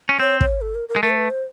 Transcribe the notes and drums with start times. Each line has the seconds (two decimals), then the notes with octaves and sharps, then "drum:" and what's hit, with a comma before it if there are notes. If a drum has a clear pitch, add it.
0.09 C#4
0.20 C4 C#5
0.41 C#5, drum: kick
0.61 A4
0.75 A#4
0.89 A#4
0.96 G#3
1.03 A3 A#4
1.10 C5
1.16 B4
1.30 C5